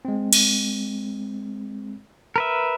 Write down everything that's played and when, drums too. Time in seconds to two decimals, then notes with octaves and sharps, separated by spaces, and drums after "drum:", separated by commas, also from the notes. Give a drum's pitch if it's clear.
0.05 G#3 C4
0.33 drum: cymbal
2.36 A#4 B4 E5